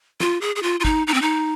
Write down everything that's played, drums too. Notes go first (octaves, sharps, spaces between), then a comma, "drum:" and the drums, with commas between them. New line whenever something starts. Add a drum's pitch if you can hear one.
F4, drum: snare
G#4
G#4
F4
F4
D#4, drum: kick
D#4
C4
D#4